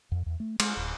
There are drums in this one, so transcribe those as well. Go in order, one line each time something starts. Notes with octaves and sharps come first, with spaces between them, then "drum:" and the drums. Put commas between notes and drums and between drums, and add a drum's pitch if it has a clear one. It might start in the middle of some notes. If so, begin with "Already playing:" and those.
F2
E2
A3
G#3, drum: cymbal
D1